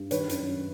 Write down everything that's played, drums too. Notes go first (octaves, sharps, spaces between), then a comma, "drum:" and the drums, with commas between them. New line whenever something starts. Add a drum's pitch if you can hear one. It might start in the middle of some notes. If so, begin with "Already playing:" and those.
Already playing: G2
D#3 B4 C#5, drum: hi-hat
F#2, drum: hi-hat
F#2